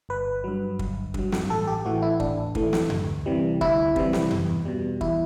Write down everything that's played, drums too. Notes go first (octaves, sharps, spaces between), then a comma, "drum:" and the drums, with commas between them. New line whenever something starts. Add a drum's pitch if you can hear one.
G1 B4
G2 F#3
G1, drum: kick
G2 F#3, drum: kick
drum: snare
A1 A4
G4
A2 E3 A3 F#4
E4
A1 D4, drum: kick
A2 E3 A3, drum: kick
drum: snare
D2, drum: tom F#2
C3 E3 G3
D2 E4, drum: kick
C3 E3 G3, drum: kick
drum: snare
E2, drum: tom F#2
B2 G3
E2 E4, drum: kick